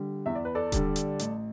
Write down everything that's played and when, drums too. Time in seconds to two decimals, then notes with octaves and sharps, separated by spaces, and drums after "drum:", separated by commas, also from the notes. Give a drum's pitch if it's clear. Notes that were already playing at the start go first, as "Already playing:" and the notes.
Already playing: D3 G3
0.26 E2 E5
0.35 D5
0.45 B4
0.55 A4 D5
0.72 D3 G3, drum: kick D#1, hi-hat
0.96 drum: hi-hat
1.19 A1, drum: hi-hat